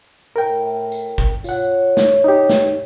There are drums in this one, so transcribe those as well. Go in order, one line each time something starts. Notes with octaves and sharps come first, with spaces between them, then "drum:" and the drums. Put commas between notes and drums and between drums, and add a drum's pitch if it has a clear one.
A2 A#4 G5
drum: tambourine
drum: kick G1
F4 C#5 F#5, drum: tambourine
drum: snare
D#4 G4
drum: snare